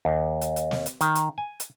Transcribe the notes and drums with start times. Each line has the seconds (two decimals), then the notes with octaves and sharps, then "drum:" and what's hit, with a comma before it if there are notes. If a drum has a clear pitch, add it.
0.05 D#2
0.42 drum: hi-hat
0.56 drum: hi-hat
0.71 drum: snare
0.86 drum: hi-hat
1.01 D#3, drum: hi-hat
1.15 drum: hi-hat
1.38 G#5
1.60 drum: hi-hat